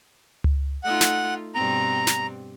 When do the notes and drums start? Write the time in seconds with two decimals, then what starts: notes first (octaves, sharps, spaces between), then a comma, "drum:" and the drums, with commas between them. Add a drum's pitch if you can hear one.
0.44 drum: tom C#2
0.84 A3 D#4 F4 F#5
1.01 drum: snare
1.55 G2 B2 C4 A#5
2.07 drum: snare